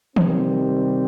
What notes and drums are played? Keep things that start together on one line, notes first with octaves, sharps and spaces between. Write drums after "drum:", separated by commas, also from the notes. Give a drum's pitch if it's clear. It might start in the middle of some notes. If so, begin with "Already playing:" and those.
C3 D#3 G3 C4, drum: tom D#3